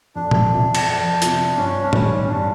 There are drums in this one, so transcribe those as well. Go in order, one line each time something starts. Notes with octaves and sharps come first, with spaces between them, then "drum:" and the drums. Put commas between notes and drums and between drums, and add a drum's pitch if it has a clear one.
F2 D4
drum: tom A#2
C3 F3
drum: cymbal
F2
C3 F3, drum: hi-hat
G2 C#4
D4
D#3 G3 C#4, drum: tom A2
C#4
G2 D4